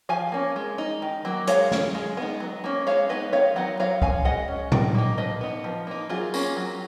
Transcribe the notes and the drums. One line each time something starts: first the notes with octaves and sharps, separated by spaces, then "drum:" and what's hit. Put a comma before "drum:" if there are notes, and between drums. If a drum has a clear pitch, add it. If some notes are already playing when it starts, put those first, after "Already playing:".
F3 F5 G#5
A#3 C#4
G#3
D#4
D#3
F#3 A#3
G#3 C#5 F5, drum: hi-hat
C#4, drum: snare
G#3
B3 D#4
F#3
A#3 C#4
G#3 C#5 F5
B3 D#4 B4 D#5
D#3 C#5 F5
F#3 B3 D#4 F#5
F#3 C#5 F5
C#4 F5 G#5, drum: kick C2
G#3 D#5 F#5
C#4
D#3, drum: tom A2
A#3 D#4
F3 B4 D#5
B3 D#4
F3
A#3 D#4
F#3 F4 G#4
A#3 C#4, drum: tambourine
F#3